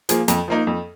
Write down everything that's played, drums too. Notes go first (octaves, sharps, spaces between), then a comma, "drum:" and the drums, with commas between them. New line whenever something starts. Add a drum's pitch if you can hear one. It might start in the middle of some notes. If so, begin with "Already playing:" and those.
F3 A#3 G#4, drum: hi-hat
F2, drum: hi-hat
F3 A#3 D#4
F2